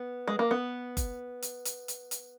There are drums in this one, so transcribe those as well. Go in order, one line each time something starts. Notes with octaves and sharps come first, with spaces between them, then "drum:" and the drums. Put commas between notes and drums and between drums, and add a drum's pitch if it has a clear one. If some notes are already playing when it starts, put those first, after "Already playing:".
Already playing: B3
G#3
A#3
B3
drum: kick F#1, hi-hat
drum: hi-hat
drum: hi-hat
drum: hi-hat
drum: hi-hat